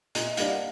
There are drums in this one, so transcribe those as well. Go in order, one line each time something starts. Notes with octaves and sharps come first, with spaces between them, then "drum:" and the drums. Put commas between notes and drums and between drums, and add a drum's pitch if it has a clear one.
A#2 D#5, drum: hi-hat
E5
G3 A#3 D4 F5, drum: hi-hat
F#5